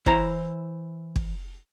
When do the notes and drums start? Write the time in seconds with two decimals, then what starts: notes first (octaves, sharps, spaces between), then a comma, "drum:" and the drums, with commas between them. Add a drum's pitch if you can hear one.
0.06 E3 E4 C5 C#5 A#5, drum: kick
1.16 drum: kick